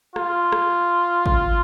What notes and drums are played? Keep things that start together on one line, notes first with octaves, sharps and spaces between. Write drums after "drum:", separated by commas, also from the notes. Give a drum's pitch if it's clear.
F4, drum: rim click
drum: rim click
drum: kick